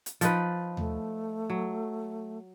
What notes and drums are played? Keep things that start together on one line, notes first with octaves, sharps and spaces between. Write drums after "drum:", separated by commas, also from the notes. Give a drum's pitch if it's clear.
drum: hi-hat
F3 D#4 B4, drum: hi-hat
A3, drum: tom D#2
F#3